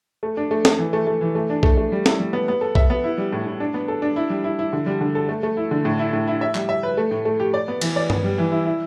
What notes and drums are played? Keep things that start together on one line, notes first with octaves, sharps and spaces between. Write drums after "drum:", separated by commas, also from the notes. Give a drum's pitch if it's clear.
A3
D4
A3
A3, drum: snare
E3
A3
A3
E3
A3
D4
A3, drum: kick
A3
G3
E4, drum: snare
G3
B3
B3
A4
E5, drum: kick
B3
E4
G3
A2
A2
D4
B3
A4
D4
E4
G3
E4
E4
D3
G3
D3
A4
A3
A3
E4
D3
A2
E4
A2
E4
E5
G3, drum: clap
E5
B4
A3
A2
A3
G4
D5
B3
E3, drum: cymbal
D5
B3, drum: tom G2
G3
E3
E4
E4